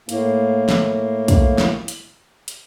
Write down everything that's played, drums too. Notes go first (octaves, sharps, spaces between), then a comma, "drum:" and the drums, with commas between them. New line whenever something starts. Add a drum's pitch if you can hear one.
A2 A#3, drum: hi-hat
drum: snare
drum: kick, hi-hat
drum: snare
drum: hi-hat
drum: hi-hat